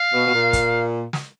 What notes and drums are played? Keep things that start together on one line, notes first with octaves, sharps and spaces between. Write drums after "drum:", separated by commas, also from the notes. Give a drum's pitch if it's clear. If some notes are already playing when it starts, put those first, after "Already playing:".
Already playing: F5
B2
B2
A#2
drum: kick, hi-hat
drum: snare